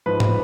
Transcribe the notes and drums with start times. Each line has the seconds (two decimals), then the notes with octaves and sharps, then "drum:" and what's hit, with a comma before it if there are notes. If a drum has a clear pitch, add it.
0.06 G#2 F3 B4
0.20 drum: tom G#2